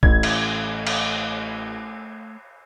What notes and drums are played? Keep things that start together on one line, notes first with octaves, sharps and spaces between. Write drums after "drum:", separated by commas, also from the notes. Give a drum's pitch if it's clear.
A1 A3 G#6, drum: kick A#1
drum: cymbal
drum: cymbal